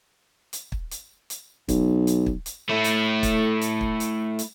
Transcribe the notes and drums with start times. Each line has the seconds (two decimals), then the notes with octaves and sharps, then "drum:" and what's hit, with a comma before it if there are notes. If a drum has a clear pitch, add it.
0.53 drum: hi-hat
0.72 drum: kick
0.91 drum: hi-hat
1.30 drum: hi-hat
1.69 B1, drum: kick, hi-hat
2.07 drum: hi-hat
2.26 drum: kick
2.46 drum: hi-hat
2.69 A3 E4
2.84 drum: hi-hat
3.23 drum: kick, hi-hat
3.61 drum: hi-hat
3.81 drum: kick
4.00 drum: hi-hat
4.39 drum: hi-hat